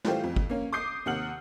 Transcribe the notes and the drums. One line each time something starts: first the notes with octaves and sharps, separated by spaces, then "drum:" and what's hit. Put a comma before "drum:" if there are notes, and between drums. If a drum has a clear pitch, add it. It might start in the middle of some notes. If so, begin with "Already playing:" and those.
E3 G3 A3 F4 G4 C5, drum: snare
F2
drum: kick
A#3 C#4
D6 D#6 G6 C7
D#2 C3 F#5 F6 F#7